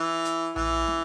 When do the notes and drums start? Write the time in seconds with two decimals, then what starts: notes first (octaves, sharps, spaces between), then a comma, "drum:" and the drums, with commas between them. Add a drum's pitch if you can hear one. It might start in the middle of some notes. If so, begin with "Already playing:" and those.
Already playing: E3
0.25 drum: hi-hat
0.56 E3, drum: tom A#1
0.88 drum: snare